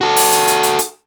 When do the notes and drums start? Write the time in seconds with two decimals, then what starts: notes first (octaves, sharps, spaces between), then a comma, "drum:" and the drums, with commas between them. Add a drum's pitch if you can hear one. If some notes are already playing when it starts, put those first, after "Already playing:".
0.01 F#4 A4
0.16 drum: open hi-hat
0.32 drum: hi-hat
0.48 drum: hi-hat
0.63 drum: hi-hat
0.79 drum: hi-hat